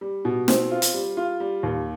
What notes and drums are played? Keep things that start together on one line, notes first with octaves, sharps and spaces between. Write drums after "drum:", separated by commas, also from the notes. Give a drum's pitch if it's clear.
G3
B2
C4, drum: snare
F4
drum: hi-hat
G3
F4
G3
D#2